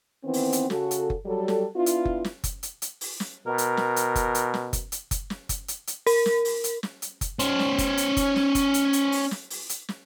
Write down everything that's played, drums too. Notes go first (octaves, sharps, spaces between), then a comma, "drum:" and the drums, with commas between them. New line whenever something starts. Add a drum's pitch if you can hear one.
D#3 E3 B3 C4
drum: open hi-hat
drum: hi-hat
C#3 F#4 A4, drum: snare
drum: hi-hat
drum: kick F#1
F#3 G3 A4
drum: snare
B3 D4 E4 F4
drum: hi-hat
drum: kick F#1
drum: snare
drum: kick F#1, hi-hat
drum: hi-hat
drum: hi-hat
drum: open hi-hat
drum: snare
B2 A#4
drum: hi-hat
drum: snare
drum: hi-hat
drum: kick F#1, hi-hat
drum: hi-hat
drum: snare
drum: kick F#1, hi-hat
drum: hi-hat
drum: kick F#1, hi-hat
drum: snare
drum: kick F#1, hi-hat
drum: hi-hat
drum: hi-hat
A#4, drum: open hi-hat
drum: snare
drum: open hi-hat
drum: hi-hat
drum: snare
drum: hi-hat
drum: kick F#1, hi-hat
C#4 C5, drum: hi-hat
drum: snare
drum: kick F#1, hi-hat
drum: hi-hat
drum: kick F#1, hi-hat
drum: snare
drum: kick F#1, hi-hat
drum: hi-hat
drum: hi-hat
drum: open hi-hat
drum: snare
drum: open hi-hat
drum: hi-hat
drum: snare